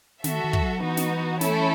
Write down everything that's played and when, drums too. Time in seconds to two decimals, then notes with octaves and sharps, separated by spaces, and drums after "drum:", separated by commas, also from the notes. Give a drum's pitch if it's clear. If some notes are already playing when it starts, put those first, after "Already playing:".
0.24 D#3 F#4 A4 E5, drum: snare
0.44 D#3
0.53 drum: kick
0.62 F#3
0.83 E3 B3 D#4 F#4
0.97 drum: snare
1.41 A3 C#4 E4 A4, drum: snare